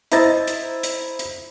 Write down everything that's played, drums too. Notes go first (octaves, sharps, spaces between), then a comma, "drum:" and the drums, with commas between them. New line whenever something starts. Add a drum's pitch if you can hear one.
E4 C5 D#5 A#5 A6, drum: hi-hat
drum: hi-hat
drum: hi-hat
drum: hi-hat